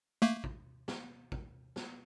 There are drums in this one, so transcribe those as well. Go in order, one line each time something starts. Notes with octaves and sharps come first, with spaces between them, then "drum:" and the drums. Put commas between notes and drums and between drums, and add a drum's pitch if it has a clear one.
A3 A#3
drum: kick
drum: snare
drum: kick
drum: snare